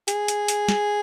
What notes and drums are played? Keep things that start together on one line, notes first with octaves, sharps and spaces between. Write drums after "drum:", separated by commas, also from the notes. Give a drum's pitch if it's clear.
G#4, drum: hi-hat
drum: hi-hat
drum: hi-hat
drum: snare